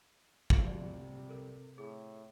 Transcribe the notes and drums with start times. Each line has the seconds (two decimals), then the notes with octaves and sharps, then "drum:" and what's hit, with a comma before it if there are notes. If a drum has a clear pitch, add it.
0.50 drum: kick
0.66 C3 G3 D5
1.29 A4 A#4
1.78 A2 G#4